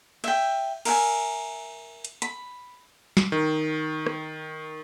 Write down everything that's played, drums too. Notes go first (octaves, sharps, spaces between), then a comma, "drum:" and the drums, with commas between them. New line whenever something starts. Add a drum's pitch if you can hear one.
E5 G5, drum: cymbal
A#4 E5 G#5, drum: cymbal
drum: hi-hat
B5, drum: hi-hat
drum: snare
D#3
drum: rim click